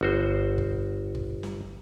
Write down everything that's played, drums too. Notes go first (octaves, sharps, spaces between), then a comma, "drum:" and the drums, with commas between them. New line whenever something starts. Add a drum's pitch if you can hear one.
G1 F#4 C5
drum: kick
drum: kick
drum: snare